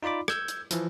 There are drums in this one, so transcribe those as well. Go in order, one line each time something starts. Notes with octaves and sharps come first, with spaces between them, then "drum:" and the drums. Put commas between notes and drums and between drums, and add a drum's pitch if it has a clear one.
D#4 F4 D5 B5 D6
E6 G6 G#6, drum: rim click
drum: hi-hat
E3 F3, drum: hi-hat